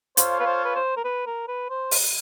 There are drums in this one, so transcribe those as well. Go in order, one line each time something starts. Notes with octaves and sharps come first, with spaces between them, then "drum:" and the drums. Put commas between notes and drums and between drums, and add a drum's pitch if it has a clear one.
F4 A4 C5 C#5 F5, drum: hi-hat
B4
C5
B4
C5
A#4
B4
A#4
B4
C5
drum: open hi-hat